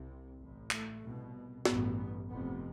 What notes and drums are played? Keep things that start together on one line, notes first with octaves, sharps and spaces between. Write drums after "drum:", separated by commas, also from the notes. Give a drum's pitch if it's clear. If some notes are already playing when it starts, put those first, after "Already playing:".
Already playing: C2 C3
A1 A2
A3, drum: clap
C2 B2
A1 G2 B3, drum: snare
B3
F1 F2 C3 B3